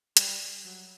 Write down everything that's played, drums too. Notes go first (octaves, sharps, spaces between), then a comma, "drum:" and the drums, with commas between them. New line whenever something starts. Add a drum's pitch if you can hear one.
G3, drum: hi-hat
F#3